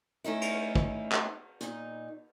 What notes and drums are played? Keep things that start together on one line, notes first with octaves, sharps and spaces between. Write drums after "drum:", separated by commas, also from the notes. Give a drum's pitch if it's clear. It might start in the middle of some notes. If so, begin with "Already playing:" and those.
A3 C#4 D#4 E4
drum: cymbal
drum: kick
drum: clap
A#2 D#4, drum: hi-hat